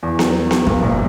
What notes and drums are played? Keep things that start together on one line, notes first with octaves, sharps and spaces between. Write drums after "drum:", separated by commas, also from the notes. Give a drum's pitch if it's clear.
E2
drum: snare B3
drum: snare B3
G1 G2, drum: kick
A#1 A#2